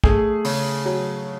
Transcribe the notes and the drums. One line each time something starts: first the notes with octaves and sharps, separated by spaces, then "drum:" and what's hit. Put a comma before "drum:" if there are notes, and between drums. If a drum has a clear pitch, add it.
A3 G#4, drum: kick
C#3, drum: open hi-hat
F#3